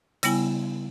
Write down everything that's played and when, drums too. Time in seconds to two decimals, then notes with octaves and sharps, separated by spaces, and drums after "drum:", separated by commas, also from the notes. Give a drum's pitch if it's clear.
0.23 C#3 G3 B3 E4 G#5, drum: hi-hat